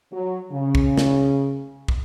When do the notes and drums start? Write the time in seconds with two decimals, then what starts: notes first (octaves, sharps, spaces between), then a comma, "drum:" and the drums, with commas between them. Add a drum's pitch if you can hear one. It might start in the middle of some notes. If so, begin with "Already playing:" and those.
0.12 F#3
0.52 C#3
0.75 drum: kick
0.97 drum: snare
1.88 drum: kick